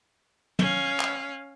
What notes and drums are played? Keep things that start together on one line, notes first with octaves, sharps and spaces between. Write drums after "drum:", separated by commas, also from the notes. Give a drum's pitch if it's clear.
C#4 F5, drum: tom
drum: clap